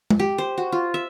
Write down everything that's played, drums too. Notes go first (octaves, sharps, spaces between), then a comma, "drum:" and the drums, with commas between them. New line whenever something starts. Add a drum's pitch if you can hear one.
drum: tom G#3
G4
C5
F#4
F4
E5